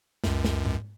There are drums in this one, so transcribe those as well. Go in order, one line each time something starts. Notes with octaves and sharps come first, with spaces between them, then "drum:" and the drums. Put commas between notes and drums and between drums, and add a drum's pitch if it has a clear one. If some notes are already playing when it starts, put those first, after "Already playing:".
C#2 F#2, drum: snare
drum: snare
drum: tom G#2